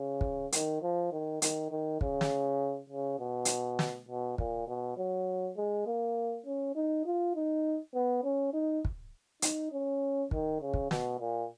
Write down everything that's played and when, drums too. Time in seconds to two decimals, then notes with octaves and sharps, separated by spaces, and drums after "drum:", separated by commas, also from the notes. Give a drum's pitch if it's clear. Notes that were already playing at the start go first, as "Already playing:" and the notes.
Already playing: C#3
0.21 drum: kick
0.52 D#3, drum: hi-hat
0.82 F3
1.12 D#3
1.42 D#3, drum: hi-hat
1.71 D#3
2.01 C#3, drum: kick
2.21 drum: snare
2.90 C#3
3.20 B2
3.45 drum: hi-hat
3.79 drum: snare
4.08 B2
4.38 A#2, drum: kick
4.68 B2
4.98 F#3
5.57 G#3
5.87 A#3
6.46 C#4
6.75 D#4
7.06 F4
7.35 D#4
7.94 B3
8.24 C#4
8.53 D#4
8.85 drum: kick
9.42 D#4, drum: hi-hat
9.72 C#4
10.31 D#3, drum: kick
10.61 C#3
10.74 drum: kick
10.91 B2, drum: snare
11.20 A#2